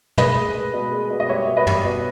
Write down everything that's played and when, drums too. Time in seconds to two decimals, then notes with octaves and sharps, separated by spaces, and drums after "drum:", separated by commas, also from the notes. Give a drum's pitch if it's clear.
0.18 G#3 B4 D#5, drum: tom
0.37 G#3
0.55 G#3
0.74 B2
0.91 G#3
1.10 B2
1.20 D#5
1.29 G3 C#5 E5
1.47 B2
1.57 B4 D#5
1.67 G3, drum: tom
1.85 B2